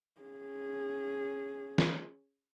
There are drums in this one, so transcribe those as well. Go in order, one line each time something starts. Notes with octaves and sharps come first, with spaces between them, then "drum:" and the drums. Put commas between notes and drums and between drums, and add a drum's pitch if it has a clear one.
C#4 G#4
drum: snare